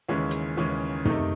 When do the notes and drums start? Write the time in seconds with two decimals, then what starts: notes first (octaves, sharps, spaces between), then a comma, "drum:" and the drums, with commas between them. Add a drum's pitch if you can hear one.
0.09 D#2 C#3 E3 G#3 C#4
0.31 drum: hi-hat
0.57 D#2 C#3 E3 G#3 C#4
1.05 C3 D#3 A3 D#4, drum: tom